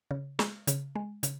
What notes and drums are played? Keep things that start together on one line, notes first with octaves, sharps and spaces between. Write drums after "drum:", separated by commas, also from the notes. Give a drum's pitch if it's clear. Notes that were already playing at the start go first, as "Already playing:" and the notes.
C#3
G#3, drum: snare
C#3, drum: hi-hat
G#3
C#3, drum: hi-hat